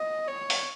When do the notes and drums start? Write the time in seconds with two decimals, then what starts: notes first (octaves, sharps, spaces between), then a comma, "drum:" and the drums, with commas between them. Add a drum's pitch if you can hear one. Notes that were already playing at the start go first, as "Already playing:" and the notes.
Already playing: D#5
0.28 C#5
0.50 drum: open hi-hat